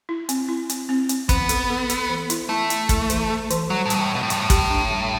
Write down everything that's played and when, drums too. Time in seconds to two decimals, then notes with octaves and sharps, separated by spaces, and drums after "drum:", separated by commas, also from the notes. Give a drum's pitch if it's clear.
0.09 E4
0.29 C4, drum: hi-hat
0.49 E4
0.70 C4, drum: hi-hat
0.89 C4
1.09 C4, drum: hi-hat
1.29 E3 B3, drum: kick, hi-hat
1.49 A4, drum: hi-hat
1.70 A4
1.90 A4, drum: hi-hat
2.09 E3
2.30 E4, drum: hi-hat
2.49 A3 E4
2.70 E4, drum: hi-hat
2.89 A4, drum: kick, hi-hat
3.10 E3, drum: hi-hat
3.30 A4
3.50 E3, drum: hi-hat
3.70 F#3 G3
3.86 A2
3.90 B2 G3, drum: hi-hat
4.00 A2
4.10 B2 G3
4.23 A2
4.30 G2 G3, drum: hi-hat
4.40 A2
4.50 G4, drum: kick, hi-hat
4.70 D4
4.91 G3